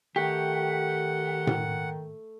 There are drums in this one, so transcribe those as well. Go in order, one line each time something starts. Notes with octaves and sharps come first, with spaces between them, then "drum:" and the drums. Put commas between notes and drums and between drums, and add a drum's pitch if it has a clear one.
D#3 A3 G4 F#5
drum: tom A2